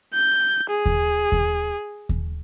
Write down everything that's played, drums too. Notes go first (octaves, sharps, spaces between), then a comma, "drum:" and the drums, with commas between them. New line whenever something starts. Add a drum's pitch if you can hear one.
G6
G#4
drum: kick D#2
drum: kick D#2
drum: kick D#2